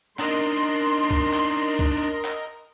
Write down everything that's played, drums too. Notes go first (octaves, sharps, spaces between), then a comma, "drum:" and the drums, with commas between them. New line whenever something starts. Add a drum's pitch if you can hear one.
D4 D#4 A#4 D#5 A#5 C6, drum: clap
drum: kick
drum: clap
drum: kick
drum: clap